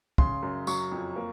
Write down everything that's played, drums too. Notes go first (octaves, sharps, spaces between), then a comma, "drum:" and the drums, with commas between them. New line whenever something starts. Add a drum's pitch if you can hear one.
C#3 C6, drum: kick
F#2
F#3 C#6, drum: tambourine
F2
A#3